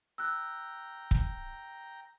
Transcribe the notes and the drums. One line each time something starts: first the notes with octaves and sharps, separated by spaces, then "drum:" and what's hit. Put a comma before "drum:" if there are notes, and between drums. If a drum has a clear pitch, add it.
G5 A#5 E6 F#6
drum: kick